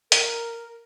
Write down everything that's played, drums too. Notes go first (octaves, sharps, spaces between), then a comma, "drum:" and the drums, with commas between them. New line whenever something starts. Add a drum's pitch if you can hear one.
A#4, drum: hi-hat